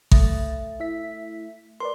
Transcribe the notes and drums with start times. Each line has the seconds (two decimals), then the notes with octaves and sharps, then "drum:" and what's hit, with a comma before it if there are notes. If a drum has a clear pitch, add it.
0.11 C2 A3 A6, drum: kick G#1
0.80 E4 E5 B6
1.80 A#4 B4 D5 C6